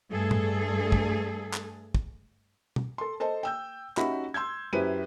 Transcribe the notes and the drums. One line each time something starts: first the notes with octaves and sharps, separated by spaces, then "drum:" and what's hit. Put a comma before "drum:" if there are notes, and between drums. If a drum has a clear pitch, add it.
G2 A3 G#4 A4
drum: tom A2
drum: kick
drum: clap
drum: kick
drum: tom B2
A4 C6
A4 C5 D#5 A5
G5 E6 G6
C#4 D#4 F#4 G4 E5 B5, drum: clap
C6 E6 G6 G#6
F#2 E4 G4 B4 C5 D#7